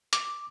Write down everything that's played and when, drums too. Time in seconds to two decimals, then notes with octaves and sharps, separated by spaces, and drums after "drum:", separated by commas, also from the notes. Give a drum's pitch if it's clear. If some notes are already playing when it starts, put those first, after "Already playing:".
0.13 D6, drum: hi-hat